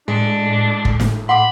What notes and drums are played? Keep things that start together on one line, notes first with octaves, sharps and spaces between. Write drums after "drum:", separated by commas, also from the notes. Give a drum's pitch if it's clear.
A2 G#3 D4
drum: kick
drum: snare
F#5 B5 C6 D6